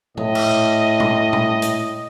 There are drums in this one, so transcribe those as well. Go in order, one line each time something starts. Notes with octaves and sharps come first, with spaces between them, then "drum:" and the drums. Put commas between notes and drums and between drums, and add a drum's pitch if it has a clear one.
A2 D#5, drum: tom A#2
drum: cymbal
drum: tom A#2
drum: tom A#2
drum: hi-hat